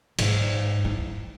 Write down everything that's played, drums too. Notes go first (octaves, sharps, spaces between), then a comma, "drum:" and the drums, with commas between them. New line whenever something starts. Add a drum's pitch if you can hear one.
G#2, drum: cymbal
E4